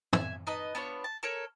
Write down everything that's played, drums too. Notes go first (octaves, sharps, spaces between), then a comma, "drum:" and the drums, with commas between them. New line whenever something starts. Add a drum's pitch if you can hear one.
E5 G#5, drum: tom
D#4 B4 D#5 A5
B3 D4 F4 C#5
A5
A4 A#4 C#5